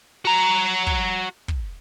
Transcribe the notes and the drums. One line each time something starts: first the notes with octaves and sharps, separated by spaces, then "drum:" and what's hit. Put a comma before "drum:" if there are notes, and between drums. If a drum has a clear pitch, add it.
F#4 A#5
drum: kick
drum: kick